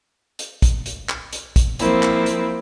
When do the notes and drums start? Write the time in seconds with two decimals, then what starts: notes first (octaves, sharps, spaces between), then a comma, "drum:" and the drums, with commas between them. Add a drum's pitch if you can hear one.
0.39 drum: hi-hat
0.62 drum: kick, hi-hat
0.86 drum: hi-hat
1.09 drum: clap
1.33 drum: hi-hat
1.56 drum: kick, hi-hat
1.79 F3 A#3 C4 E4, drum: hi-hat
2.03 drum: clap
2.26 drum: hi-hat